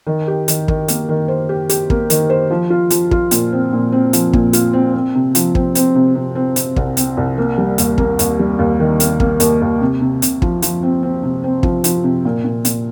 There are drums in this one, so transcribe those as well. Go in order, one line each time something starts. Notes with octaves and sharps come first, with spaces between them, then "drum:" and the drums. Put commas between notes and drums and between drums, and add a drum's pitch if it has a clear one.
D#3
G4
D#3, drum: hi-hat
D#3, drum: kick
A#3, drum: hi-hat
D#3
C5
G4
G4, drum: hi-hat
A#3, drum: kick
D#3, drum: hi-hat
C5
F3
F4
F3, drum: hi-hat
F4, drum: kick
A#2, drum: hi-hat
C4
A#2
C4
F3, drum: hi-hat
A#2, drum: kick
F4, drum: hi-hat
C4
C4
C3
F3, drum: hi-hat
C4, drum: kick
C4, drum: hi-hat
C3
C3
C4
C3, drum: hi-hat
C2, drum: kick
C4, drum: hi-hat
C2
A#3
G3
D#2, drum: hi-hat
A#3, drum: kick
D#2, drum: hi-hat
G3
D#2
D#3
A#3, drum: hi-hat
A#3, drum: kick
D#2, drum: hi-hat
D#2
C3
C3
C3, drum: hi-hat
F3, drum: kick
F3, drum: hi-hat
C4
C4
C3
C4
F3, drum: kick
F3, drum: hi-hat
C3
A#2
A#2
A#2, drum: hi-hat